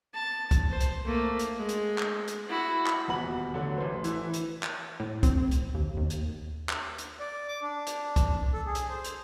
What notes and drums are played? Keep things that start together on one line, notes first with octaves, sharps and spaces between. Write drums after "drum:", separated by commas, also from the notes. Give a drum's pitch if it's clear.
A5
drum: kick C2, hi-hat
C5
drum: hi-hat
A3 A#3
drum: hi-hat
G#3
drum: hi-hat
drum: clap
drum: hi-hat
E4 F#4
drum: clap
D#1 E2 F#4 B5 F#7
D3 F#3 A3
A1 C5
E3 E4, drum: hi-hat
drum: hi-hat
drum: clap
A2
C4, drum: kick C2, hi-hat
drum: hi-hat
D#2
D#2
drum: hi-hat
drum: clap
drum: hi-hat
D5
D6
D4
drum: hi-hat
drum: kick C2, hi-hat
A4
G#4
drum: hi-hat
C5
drum: hi-hat